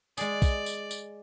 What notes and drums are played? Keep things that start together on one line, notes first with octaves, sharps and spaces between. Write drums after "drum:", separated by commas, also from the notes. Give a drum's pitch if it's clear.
G#3 G#4 D5, drum: tambourine
drum: kick, tambourine
drum: tambourine
drum: tambourine